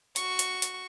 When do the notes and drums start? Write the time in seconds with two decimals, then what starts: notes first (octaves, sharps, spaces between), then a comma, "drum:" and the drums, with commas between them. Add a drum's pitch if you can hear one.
0.16 F#4 C#6, drum: hi-hat
0.39 drum: hi-hat
0.62 drum: hi-hat